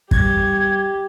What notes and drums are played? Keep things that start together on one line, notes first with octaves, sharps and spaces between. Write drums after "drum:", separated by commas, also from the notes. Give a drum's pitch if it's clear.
E2 G3 G4 C#6 G#6, drum: kick